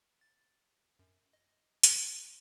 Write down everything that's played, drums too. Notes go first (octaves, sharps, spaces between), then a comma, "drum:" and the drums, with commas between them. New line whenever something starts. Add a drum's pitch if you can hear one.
A6
F#2
D#5
drum: hi-hat